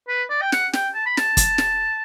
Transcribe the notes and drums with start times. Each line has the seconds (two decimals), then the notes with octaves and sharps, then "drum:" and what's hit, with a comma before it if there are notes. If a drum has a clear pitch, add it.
0.08 B4
0.30 D5
0.42 G5
0.52 F#5, drum: snare
0.73 G5, drum: snare
0.94 A5
1.06 B5
1.17 A5, drum: snare
1.37 drum: kick, hi-hat
1.58 drum: snare